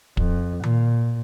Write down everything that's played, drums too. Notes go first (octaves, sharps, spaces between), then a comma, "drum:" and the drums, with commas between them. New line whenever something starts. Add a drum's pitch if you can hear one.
F2, drum: kick
A#2, drum: tom D#3